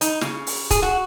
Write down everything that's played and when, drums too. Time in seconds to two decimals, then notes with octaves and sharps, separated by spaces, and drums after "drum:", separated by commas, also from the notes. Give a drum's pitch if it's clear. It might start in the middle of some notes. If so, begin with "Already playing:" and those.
0.01 D#4, drum: hi-hat
0.21 C#3, drum: snare
0.47 drum: open hi-hat
0.70 G#4, drum: kick, hi-hat
0.82 F#4